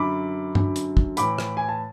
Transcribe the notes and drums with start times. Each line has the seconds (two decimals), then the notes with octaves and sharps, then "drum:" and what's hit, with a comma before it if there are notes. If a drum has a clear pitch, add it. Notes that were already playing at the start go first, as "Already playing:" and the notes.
Already playing: F#2 D3 B5 D6
0.55 F#2 D3, drum: tom G2
0.76 drum: hi-hat
0.97 drum: kick
1.17 A2 E3 B5 D6, drum: hi-hat
1.39 drum: rim click
1.57 G#5
1.69 A5